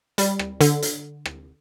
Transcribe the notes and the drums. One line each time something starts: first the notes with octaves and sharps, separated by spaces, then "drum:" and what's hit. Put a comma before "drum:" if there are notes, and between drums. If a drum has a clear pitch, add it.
G3, drum: hi-hat
drum: rim click
D3, drum: hi-hat
drum: hi-hat
drum: rim click